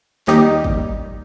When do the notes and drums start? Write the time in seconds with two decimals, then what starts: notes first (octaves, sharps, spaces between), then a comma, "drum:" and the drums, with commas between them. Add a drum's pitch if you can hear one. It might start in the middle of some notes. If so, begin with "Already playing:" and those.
0.27 D#2 D#3 G3 D#4 G4, drum: snare
0.64 drum: kick